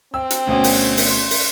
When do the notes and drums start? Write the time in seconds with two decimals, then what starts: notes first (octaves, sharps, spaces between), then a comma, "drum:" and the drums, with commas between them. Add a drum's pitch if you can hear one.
0.14 C4 G5 E6
0.30 drum: hi-hat
0.47 D2 B2 C#4 C5
0.64 drum: open hi-hat
0.97 drum: open hi-hat
1.07 C6
1.31 drum: open hi-hat